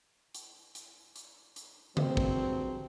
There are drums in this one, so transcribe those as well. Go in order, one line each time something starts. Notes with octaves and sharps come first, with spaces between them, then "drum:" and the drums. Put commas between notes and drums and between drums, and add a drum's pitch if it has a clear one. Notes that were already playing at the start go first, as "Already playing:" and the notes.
drum: hi-hat
drum: hi-hat
drum: hi-hat
drum: hi-hat
G2 F#3 G#3 C4, drum: tom C#3
drum: kick